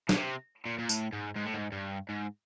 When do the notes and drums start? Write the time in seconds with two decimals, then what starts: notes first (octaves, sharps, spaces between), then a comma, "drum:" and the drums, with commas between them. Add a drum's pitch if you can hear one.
0.09 B2, drum: snare
0.17 C3
0.65 A#2
0.78 A#2
0.89 A2, drum: tambourine
1.13 G#2
1.36 G#2
1.46 A2
1.54 G#2
1.72 G2
2.09 G#2